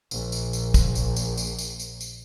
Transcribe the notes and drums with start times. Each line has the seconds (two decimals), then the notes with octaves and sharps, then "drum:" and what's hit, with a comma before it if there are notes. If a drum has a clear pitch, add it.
0.11 A#1 A#2, drum: tambourine
0.32 drum: tambourine
0.53 drum: tambourine
0.74 drum: kick, tambourine
0.95 drum: tambourine
1.16 drum: tambourine
1.37 drum: tambourine
1.59 drum: tambourine
1.80 drum: tambourine
2.01 drum: tambourine